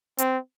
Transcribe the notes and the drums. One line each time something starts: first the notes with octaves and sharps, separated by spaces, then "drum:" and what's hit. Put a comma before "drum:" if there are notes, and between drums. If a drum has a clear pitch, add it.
C4, drum: hi-hat